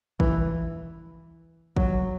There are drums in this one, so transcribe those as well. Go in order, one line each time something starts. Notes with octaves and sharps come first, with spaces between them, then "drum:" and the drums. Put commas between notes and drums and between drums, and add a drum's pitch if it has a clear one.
E3, drum: kick
F#3, drum: kick